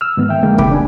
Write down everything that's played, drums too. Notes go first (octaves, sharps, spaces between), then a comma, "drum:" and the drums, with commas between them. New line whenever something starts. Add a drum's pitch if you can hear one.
E6 F6
G#2 D#3 B3
E5 G5
F2 D3 G#3 A#3 G5
C3 D#3 G5 B5 D6, drum: kick
D4 G#5